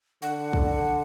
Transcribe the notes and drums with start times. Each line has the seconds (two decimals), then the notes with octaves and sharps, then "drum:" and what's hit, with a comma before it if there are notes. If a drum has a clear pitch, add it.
0.22 D3 F#5
0.53 drum: kick